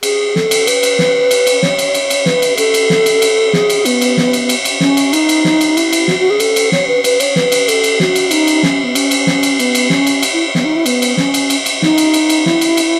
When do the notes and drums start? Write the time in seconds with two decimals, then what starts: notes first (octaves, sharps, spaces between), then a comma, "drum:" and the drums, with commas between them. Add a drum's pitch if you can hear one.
0.03 G#4, drum: cymbal
0.36 A4, drum: snare
0.51 drum: cymbal
0.67 B4, drum: cymbal
0.83 drum: cymbal
0.99 drum: snare
1.31 drum: cymbal
1.47 drum: cymbal
1.63 C#5, drum: snare
1.78 drum: cymbal
1.94 drum: cymbal
2.10 drum: cymbal
2.26 B4, drum: snare
2.42 drum: cymbal
2.58 A4, drum: cymbal
2.74 drum: cymbal
2.90 drum: snare
3.06 drum: cymbal
3.22 drum: cymbal
3.53 G#4, drum: snare
3.70 drum: cymbal
3.85 B3, drum: cymbal
4.01 drum: cymbal
4.17 drum: snare
4.33 drum: cymbal
4.49 drum: cymbal
4.65 drum: cymbal
4.80 C#4, drum: snare
4.97 drum: cymbal
5.13 D#4, drum: cymbal
5.29 drum: cymbal
5.45 drum: snare
5.61 drum: cymbal
5.77 E4, drum: cymbal
5.93 drum: cymbal
6.08 F#4, drum: snare
6.19 F#4
6.30 G#4
6.40 A4, drum: cymbal
6.56 drum: cymbal
6.72 C#5, drum: snare
6.87 B4
7.04 B4, drum: cymbal
7.20 C#5, drum: cymbal
7.36 B4, drum: snare
7.52 drum: cymbal
7.68 A4, drum: cymbal
7.84 drum: cymbal
8.00 F#4, drum: snare
8.15 drum: cymbal
8.31 D#4, drum: cymbal
8.47 drum: cymbal
8.63 C#4, drum: snare
8.84 B3
8.95 C#4, drum: cymbal
9.11 drum: cymbal
9.27 drum: snare
9.43 drum: cymbal
9.59 B3, drum: cymbal
9.75 drum: cymbal
9.90 C#4, drum: snare
10.07 drum: cymbal
10.22 drum: cymbal
10.33 E4
10.55 B3, drum: snare
10.65 D#4
10.76 E4
10.86 B3, drum: cymbal
11.02 drum: cymbal
11.17 C#4, drum: snare
11.34 drum: cymbal
11.50 drum: cymbal
11.66 drum: cymbal
11.82 D#4, drum: snare
11.98 drum: cymbal
12.14 drum: cymbal
12.29 drum: cymbal
12.46 E4, drum: snare
12.61 drum: cymbal
12.77 drum: cymbal